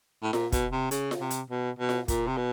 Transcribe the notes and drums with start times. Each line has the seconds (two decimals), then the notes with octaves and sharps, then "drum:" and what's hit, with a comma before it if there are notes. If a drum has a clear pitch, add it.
0.23 A2
0.33 A#2, drum: snare F4
0.52 B2, drum: kick, hi-hat
0.72 C3
0.91 C#3, drum: hi-hat
1.11 drum: snare F4
1.21 C3
1.31 drum: hi-hat
1.50 B2
1.79 B2
1.89 drum: snare F4
2.08 A#2, drum: kick, hi-hat
2.28 C3
2.37 B2